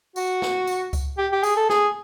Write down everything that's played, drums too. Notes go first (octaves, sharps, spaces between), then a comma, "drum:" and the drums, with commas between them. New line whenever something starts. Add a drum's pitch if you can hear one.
F#4, drum: tambourine
drum: snare
drum: tambourine
drum: kick C#2, tambourine
G4
G4
G#4, drum: tambourine
A4
G#4, drum: snare